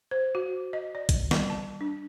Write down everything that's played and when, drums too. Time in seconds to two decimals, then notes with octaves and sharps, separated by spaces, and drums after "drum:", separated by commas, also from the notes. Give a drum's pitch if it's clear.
0.11 C5
0.35 F#4
0.73 D#5
0.95 D5
1.09 drum: kick A#1, hi-hat
1.31 G3, drum: snare
1.50 A5
1.81 D4